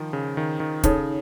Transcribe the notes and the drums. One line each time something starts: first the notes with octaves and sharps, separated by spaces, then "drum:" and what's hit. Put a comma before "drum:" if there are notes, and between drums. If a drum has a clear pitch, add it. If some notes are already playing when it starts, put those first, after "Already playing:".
Already playing: D#3 F3
C#3
D#3
D#3
C#3 D#4 A4 C#5, drum: kick, hi-hat